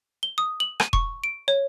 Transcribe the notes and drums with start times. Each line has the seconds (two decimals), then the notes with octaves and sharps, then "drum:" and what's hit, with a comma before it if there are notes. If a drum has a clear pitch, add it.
0.23 G7
0.38 D#6
0.60 F#7
0.80 D#7, drum: rim click
0.93 C#6, drum: kick E1
1.24 D7
1.48 C#5